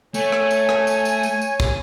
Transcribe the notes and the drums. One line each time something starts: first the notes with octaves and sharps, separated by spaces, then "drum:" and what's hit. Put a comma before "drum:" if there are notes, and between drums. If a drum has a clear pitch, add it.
A3 C#5 G#5, drum: tambourine
drum: rim click
drum: tambourine
drum: rim click
drum: tambourine
drum: tambourine
drum: tambourine
drum: tambourine
drum: kick, tambourine